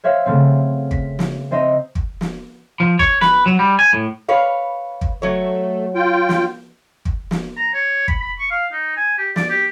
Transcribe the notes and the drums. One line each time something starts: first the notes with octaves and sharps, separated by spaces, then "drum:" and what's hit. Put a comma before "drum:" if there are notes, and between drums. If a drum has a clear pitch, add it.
C5 C#5 E5 F5
C#3 A3 B3 C4
B6, drum: kick
drum: snare
C4 C5 D#5 E5 A#5
drum: kick
drum: snare
F3
C#5, drum: kick
B4, drum: snare
F#3
G3
G#5
A2
B4 C#5 F5
drum: kick
F#3 A3 C#5
F4 G5
drum: snare
drum: kick
drum: snare
A#5
C#5
B5, drum: kick
B5
C#6
F5
D#4
G#5
G4
D5, drum: snare
G4